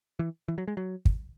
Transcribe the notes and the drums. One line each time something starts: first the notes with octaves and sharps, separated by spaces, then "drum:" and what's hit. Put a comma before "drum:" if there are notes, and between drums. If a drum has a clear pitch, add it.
E3
E3
F#3
G#3
F#3
drum: kick